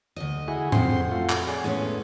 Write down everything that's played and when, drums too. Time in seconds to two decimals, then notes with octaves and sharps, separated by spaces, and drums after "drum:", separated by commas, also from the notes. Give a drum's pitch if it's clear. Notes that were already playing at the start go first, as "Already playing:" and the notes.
0.16 D2 D#5
0.48 E4 F#4 G#4
0.72 F2 C4 F#5 C6, drum: tom A2
1.11 A3 F4 F#4
1.29 drum: clap
1.47 G#4 C#5 D5
1.64 A2 G#3 B3 C#4